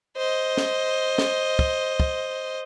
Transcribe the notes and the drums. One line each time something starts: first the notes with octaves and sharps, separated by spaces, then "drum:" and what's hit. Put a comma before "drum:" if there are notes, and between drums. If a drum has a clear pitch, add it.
C5 D#5
drum: snare
drum: snare
drum: kick
drum: kick